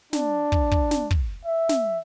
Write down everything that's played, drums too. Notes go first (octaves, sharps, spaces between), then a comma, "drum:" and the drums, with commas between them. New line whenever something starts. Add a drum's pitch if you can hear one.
D4, drum: snare
drum: kick
drum: kick
drum: snare
drum: kick
E5
drum: snare